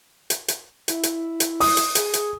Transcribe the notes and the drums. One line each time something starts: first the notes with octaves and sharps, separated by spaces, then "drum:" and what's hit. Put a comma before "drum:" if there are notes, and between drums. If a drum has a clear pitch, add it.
drum: hi-hat
drum: hi-hat
E4, drum: hi-hat
drum: hi-hat
drum: hi-hat
D#6, drum: open hi-hat
drum: hi-hat
G#4, drum: hi-hat
drum: hi-hat